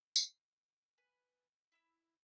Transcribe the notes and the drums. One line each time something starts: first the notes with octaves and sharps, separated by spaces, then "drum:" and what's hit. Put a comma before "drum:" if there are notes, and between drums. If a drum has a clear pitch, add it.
drum: tambourine
B4 G#5
E4 E5 E6